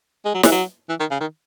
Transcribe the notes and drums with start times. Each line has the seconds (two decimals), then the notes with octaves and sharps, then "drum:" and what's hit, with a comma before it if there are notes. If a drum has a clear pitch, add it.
0.25 G#3
0.34 F#3
0.43 E3, drum: snare
0.52 F#3
0.89 E3
1.00 D#3
1.11 C#3
1.21 D#3